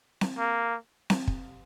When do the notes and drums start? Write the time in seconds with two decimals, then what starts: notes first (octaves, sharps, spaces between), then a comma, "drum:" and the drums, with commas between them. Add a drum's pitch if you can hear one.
0.21 drum: snare C4
0.38 A#3
1.10 drum: snare C4
1.27 drum: kick